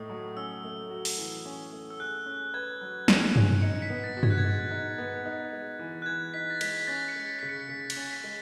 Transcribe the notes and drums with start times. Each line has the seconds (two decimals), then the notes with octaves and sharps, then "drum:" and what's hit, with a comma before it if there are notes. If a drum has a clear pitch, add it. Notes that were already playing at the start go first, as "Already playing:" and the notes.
Already playing: A2 A3 D#4 D#6
0.10 F#3
0.36 C#4 E6
0.64 A3
0.91 F#4
1.05 drum: open hi-hat
1.18 E3
1.45 C#4
1.73 A3
1.90 E6
2.00 G#4 F#6
2.26 C#4
2.54 B4 G#6
2.81 F#3
3.08 G#4, drum: snare
3.36 C#4, drum: tom G2
3.62 D#4 C#7
3.82 B6
3.90 B3
4.04 A6
4.17 F#4
4.23 G#6, drum: tom G2
4.30 F#6
4.38 G#6
4.44 G#3
4.71 D#4
4.98 B3
5.25 D#4
5.52 G#3
5.79 E3
6.02 F#6
6.06 E3 G#6
6.34 D#4 B6
6.50 A6
6.61 G#3 B6, drum: cymbal
6.78 B6
6.87 C#4 A6
7.08 C#7
7.16 G#3
7.39 C#3 B6
7.49 C#7
7.61 C#7
7.69 C#3 B6
7.90 C#7, drum: cymbal
7.96 C#4 A6
8.11 B6
8.24 G#3